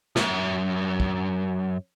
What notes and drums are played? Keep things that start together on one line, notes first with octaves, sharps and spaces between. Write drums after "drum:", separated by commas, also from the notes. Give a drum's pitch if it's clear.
B1 F#2, drum: snare
drum: kick